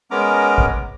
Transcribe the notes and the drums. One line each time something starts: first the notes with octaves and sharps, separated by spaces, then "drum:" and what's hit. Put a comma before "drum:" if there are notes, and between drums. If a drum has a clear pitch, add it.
G#3 B3 C#4 A#4 A#5 D6
drum: kick A1